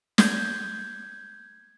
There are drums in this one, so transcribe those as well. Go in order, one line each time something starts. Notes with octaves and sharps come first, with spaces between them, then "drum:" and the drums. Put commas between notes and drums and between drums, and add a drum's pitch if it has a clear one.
G6 G#6, drum: snare